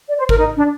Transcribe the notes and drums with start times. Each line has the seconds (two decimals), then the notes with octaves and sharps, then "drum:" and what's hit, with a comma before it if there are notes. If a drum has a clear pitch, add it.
0.08 D5
0.18 C5
0.29 A#4, drum: kick G#1
0.39 D#4
0.56 D4